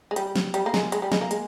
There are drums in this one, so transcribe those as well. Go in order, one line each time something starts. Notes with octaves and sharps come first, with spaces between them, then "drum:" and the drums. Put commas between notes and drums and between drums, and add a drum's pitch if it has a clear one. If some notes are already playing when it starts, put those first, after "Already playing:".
G#3
G3, drum: hi-hat
drum: snare
G3, drum: hi-hat
A#3
G#3, drum: snare
G#3, drum: hi-hat
G3
G#3, drum: snare
A#3
G#3, drum: hi-hat